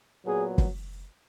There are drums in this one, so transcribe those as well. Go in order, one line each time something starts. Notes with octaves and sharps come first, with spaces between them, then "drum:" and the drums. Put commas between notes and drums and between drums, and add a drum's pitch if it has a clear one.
A#2 F#3 B3 G#4
drum: kick F#1